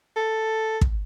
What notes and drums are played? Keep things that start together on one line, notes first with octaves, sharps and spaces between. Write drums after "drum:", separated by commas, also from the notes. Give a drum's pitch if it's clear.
A4
drum: kick